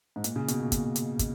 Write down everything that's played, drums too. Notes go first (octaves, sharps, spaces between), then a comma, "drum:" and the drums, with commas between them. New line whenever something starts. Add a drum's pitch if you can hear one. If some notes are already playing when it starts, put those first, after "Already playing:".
G#2
A#2, drum: hi-hat
C#3
B2, drum: hi-hat
A#2
A#2, drum: kick, hi-hat
drum: hi-hat
drum: kick, hi-hat